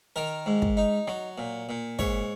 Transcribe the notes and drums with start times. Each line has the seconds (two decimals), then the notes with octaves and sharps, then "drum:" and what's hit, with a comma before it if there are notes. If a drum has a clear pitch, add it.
0.16 D#3 A#4
0.46 G#2
0.62 drum: kick
0.77 D#4
1.07 F#3, drum: rim click
1.38 A#2
1.69 A#2
1.99 G#2 C#5, drum: kick